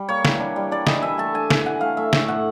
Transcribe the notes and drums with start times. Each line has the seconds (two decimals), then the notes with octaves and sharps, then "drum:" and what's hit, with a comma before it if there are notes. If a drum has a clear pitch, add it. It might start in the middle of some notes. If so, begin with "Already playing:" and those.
Already playing: G3
0.09 A#3 C#5
0.25 E3, drum: snare
0.40 D4
0.56 G3
0.71 D4 D5
0.87 E3 D#5, drum: snare
1.02 E3 E5
1.18 A3 A5
1.34 D4 G#5
1.50 E3 G#5, drum: snare
1.66 E3 F#5
1.81 A3 F5
1.97 A3 E5
2.13 A2, drum: snare
2.28 A2 F#5